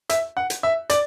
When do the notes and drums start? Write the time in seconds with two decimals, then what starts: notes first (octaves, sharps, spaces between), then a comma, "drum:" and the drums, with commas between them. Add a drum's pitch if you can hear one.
0.09 E5, drum: hi-hat
0.37 F#5
0.50 drum: hi-hat
0.63 E5
0.90 D5, drum: hi-hat